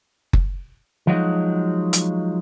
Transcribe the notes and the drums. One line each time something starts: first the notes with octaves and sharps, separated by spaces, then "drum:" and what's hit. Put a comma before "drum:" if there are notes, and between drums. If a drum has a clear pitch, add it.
drum: kick F#1
F3 F#3 G#3 D#4 F#4
drum: hi-hat